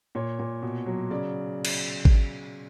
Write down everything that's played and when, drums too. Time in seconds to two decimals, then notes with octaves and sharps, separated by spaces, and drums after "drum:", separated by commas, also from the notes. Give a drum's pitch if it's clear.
0.15 A#2 C#5
0.39 A#2
0.62 B2
0.86 F#3
1.10 C#3 D5
1.65 drum: cymbal
2.05 drum: kick G#1